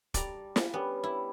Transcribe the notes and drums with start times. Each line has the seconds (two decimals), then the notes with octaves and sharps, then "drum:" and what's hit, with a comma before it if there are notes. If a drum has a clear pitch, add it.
0.14 G3 D5 A5 A#5, drum: kick, hi-hat
0.56 drum: snare
0.74 G3 B3 C#4 D4
1.04 E4